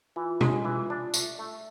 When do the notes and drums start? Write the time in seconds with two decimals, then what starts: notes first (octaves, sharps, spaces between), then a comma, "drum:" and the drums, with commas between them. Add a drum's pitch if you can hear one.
0.16 E3 F4
0.41 G#3, drum: tom B2
0.65 E3
0.90 D4
1.14 A3, drum: tambourine
1.39 A3